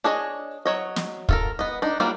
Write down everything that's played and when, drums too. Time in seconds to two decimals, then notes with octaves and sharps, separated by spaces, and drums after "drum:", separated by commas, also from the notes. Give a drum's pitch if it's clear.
0.04 D4 G#4 C#5 D#5
0.65 F#3 C#5 D#5
0.96 drum: snare
1.29 F4 A4 A#4, drum: kick
1.59 B3 D#5
1.82 D4 D#4
2.00 F#3 G3 A#3 D4 F4